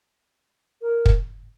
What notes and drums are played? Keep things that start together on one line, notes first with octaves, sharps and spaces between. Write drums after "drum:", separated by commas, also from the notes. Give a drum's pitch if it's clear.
A#4
drum: kick